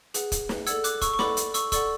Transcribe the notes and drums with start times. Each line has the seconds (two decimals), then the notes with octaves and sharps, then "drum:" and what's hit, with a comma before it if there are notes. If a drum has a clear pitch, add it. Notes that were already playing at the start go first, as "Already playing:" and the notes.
0.14 G#4 B4 F#5, drum: hi-hat
0.32 drum: kick, hi-hat
0.49 drum: snare
0.67 A4 D5 F#5 E6 G#6, drum: hi-hat
0.84 D6 F#6, drum: hi-hat
1.02 C#6 E6, drum: kick, hi-hat
1.14 C#6
1.19 A4 D5 F#5 B5 D6, drum: snare
1.37 drum: hi-hat
1.54 C#6 E6, drum: hi-hat
1.72 A4 D5 F#5 C#6 E6, drum: kick, hi-hat